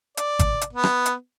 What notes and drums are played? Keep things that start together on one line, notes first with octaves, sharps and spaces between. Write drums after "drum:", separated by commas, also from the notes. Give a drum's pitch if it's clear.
D5, drum: hi-hat
drum: kick, hi-hat
drum: hi-hat
B3
drum: rim click
drum: hi-hat